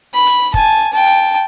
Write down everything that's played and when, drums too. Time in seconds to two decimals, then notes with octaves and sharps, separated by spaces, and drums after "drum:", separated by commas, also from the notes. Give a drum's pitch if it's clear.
0.13 B5
0.27 drum: hi-hat
0.54 G#5 A5, drum: kick
0.92 G5 A5
1.06 drum: hi-hat